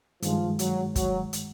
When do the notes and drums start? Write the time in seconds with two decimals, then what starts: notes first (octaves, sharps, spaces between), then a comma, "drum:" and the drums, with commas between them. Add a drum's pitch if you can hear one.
0.22 G2 D#3 F3 G#3, drum: hi-hat
0.59 F#3, drum: hi-hat
0.96 F#3, drum: kick, hi-hat
1.33 drum: hi-hat